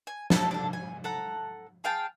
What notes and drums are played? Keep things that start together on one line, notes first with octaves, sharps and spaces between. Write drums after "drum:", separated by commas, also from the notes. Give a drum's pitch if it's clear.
G#5
A4 A5, drum: snare
D4 A4
G#5
A4 F#5 A#5
G#4 F5 G5 A5